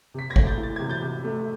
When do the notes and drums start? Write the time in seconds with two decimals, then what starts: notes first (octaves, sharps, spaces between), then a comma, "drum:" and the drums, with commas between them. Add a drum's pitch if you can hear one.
0.14 C3 B6
0.30 G#6 A#6
0.36 A3, drum: kick
0.47 G6 A6
0.58 E3
0.63 A6
0.76 C3 G#6
0.89 G6 A6
1.02 C3
1.24 A3